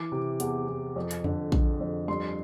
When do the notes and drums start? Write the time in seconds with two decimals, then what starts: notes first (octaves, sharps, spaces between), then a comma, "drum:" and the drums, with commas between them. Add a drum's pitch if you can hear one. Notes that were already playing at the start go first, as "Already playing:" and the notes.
Already playing: E3 D6
0.12 C3
0.40 E2, drum: hi-hat
0.68 E2
0.96 F2
1.11 drum: hi-hat
1.24 D3, drum: tom E2
1.52 D3, drum: kick A#1
1.80 F2
2.08 G2 C6